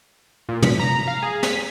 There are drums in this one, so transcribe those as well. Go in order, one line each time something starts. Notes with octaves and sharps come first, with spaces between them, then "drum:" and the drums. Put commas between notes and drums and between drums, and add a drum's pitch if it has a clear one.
A#2
B6, drum: tom
A#5
F5
G#4
B6, drum: snare